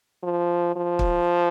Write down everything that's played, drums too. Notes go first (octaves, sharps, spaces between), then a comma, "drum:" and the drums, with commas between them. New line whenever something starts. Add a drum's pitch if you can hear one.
F3
F3
drum: kick